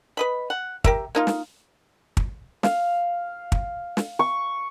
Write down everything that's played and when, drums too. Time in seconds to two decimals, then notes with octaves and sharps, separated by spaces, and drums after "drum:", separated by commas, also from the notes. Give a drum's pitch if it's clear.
0.17 B4 D#5 B5
0.50 F#5
0.84 G4 A#4 E5, drum: kick
1.15 A#3 D#4 F4
1.27 drum: snare
2.17 drum: kick
2.63 F5, drum: snare
3.52 drum: kick
3.97 drum: snare
4.19 C#6